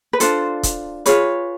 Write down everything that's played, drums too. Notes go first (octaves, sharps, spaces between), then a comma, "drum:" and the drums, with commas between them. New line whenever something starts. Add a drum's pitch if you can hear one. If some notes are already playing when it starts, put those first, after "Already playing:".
B4
D4 F4 A4 C5, drum: hi-hat
drum: kick, hi-hat
F4 G#4 B4 C#5, drum: hi-hat